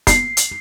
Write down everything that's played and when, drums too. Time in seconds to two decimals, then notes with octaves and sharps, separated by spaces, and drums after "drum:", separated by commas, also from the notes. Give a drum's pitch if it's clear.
0.07 C7, drum: kick, hi-hat
0.37 drum: hi-hat